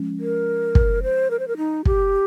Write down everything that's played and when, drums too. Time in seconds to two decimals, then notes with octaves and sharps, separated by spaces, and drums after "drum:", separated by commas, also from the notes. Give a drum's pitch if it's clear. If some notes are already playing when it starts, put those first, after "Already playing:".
Already playing: F3 G#3 C#4
0.20 A#4
0.75 drum: kick
1.03 C5
1.31 A#4
1.39 C5
1.48 A#4
1.57 D#4
1.85 G4, drum: kick